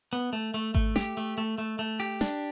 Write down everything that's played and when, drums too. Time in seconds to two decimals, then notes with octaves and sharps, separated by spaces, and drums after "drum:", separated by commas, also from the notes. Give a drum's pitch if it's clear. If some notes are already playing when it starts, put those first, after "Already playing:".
0.13 B3
0.33 A3
0.54 A3
0.74 A3, drum: kick G#1
0.96 G4, drum: snare
1.17 A3
1.38 A3
1.58 A3
1.79 A3
2.00 G4
2.21 D4, drum: snare